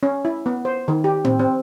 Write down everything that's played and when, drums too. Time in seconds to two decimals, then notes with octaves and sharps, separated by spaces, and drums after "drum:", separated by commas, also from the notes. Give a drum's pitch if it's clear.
0.03 C#4
0.25 E4
0.46 B3
0.65 C5
0.88 D#3
1.04 G4
1.25 C4, drum: tom A2
1.39 C4